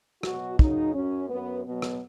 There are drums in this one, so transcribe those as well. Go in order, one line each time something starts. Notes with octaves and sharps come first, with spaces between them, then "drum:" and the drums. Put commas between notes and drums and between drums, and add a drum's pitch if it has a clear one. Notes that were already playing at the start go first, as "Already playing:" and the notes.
B2 F#3 F#4, drum: rim click
F#2 C#3 F#3 D#4, drum: kick
F#2 F#3 C#4
F#2 F#3 B3
B2 F#3 B3
drum: rim click